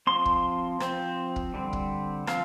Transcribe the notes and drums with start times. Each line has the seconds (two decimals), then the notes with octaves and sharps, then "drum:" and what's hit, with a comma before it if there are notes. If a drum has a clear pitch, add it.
0.07 F3 C4 C6
0.25 drum: kick
0.80 F3 C4, drum: rim click
1.36 drum: kick
1.54 D3 G3 C4
1.73 drum: kick
2.27 F3 C4 F5, drum: rim click